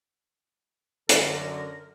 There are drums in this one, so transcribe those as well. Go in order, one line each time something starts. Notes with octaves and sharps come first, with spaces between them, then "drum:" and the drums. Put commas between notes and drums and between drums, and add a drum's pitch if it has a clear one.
F#2 D3 A#4, drum: hi-hat